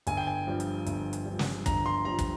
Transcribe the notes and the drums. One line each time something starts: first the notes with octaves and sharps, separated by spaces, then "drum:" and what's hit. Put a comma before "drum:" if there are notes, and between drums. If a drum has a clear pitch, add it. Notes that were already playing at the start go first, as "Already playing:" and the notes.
G1 G#5, drum: hi-hat
G5
G#5
G2 F3
drum: hi-hat
G1, drum: hi-hat
drum: hi-hat
G2 F3
drum: snare
G1 A#5, drum: kick, hi-hat
C6
G2 F3 A#5
drum: kick, hi-hat